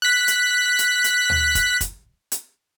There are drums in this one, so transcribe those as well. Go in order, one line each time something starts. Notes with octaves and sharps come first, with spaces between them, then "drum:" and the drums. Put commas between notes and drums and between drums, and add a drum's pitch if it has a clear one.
F#6 B6
drum: hi-hat
drum: hi-hat
drum: hi-hat
drum: tom
drum: kick, hi-hat
drum: kick, hi-hat
drum: hi-hat